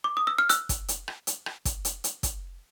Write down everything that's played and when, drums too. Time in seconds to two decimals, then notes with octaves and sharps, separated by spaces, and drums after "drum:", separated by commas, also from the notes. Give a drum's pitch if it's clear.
0.04 D6
0.17 D#6
0.27 E6
0.38 F6
0.49 E6 F#6, drum: hi-hat
0.69 drum: kick, hi-hat
0.88 drum: hi-hat
1.08 drum: rim click
1.27 drum: hi-hat
1.46 drum: rim click
1.65 drum: kick, hi-hat
1.85 drum: hi-hat
2.04 drum: hi-hat
2.23 drum: kick, hi-hat